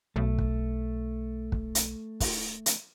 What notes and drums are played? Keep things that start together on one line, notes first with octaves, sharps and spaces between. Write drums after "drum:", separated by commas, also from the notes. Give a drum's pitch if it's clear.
B1 A3
drum: kick
drum: kick
drum: hi-hat
drum: kick, open hi-hat
drum: hi-hat